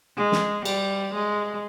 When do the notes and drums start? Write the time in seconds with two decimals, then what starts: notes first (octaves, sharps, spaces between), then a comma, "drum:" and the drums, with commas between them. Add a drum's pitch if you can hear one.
0.17 G#3
0.32 drum: snare
0.65 G3, drum: cymbal
1.14 G#3